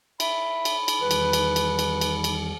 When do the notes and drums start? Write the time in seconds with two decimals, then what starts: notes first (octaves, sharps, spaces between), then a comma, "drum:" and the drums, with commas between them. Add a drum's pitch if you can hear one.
0.20 E5 B5, drum: cymbal
0.65 drum: cymbal
0.88 drum: cymbal
1.01 E2 D#3 G3 B4
1.11 drum: cymbal
1.33 drum: cymbal
1.56 drum: cymbal
1.79 drum: cymbal
2.01 drum: cymbal
2.24 drum: cymbal